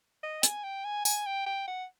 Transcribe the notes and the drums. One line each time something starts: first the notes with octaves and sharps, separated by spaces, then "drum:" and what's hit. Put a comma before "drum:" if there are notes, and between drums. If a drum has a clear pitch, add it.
D#5
G#5, drum: hi-hat
G5
G#5
G#5, drum: tambourine
G5
G5
F#5